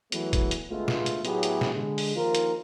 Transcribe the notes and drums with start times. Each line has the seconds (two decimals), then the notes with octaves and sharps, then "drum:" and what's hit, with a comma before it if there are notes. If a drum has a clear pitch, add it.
0.12 E2 E3 F#3 A3 B3, drum: hi-hat
0.33 drum: kick A1, hi-hat
0.51 drum: hi-hat
0.70 D2 G#3 A3 B3 F4
0.88 drum: snare
1.06 drum: hi-hat
1.25 A2 F#3 B3 E4 G4 G#4, drum: hi-hat
1.43 drum: hi-hat
1.61 drum: snare
1.74 D3 G#3
1.98 drum: open hi-hat
2.16 D#2 D#3 F3 F4 A#4
2.35 drum: hi-hat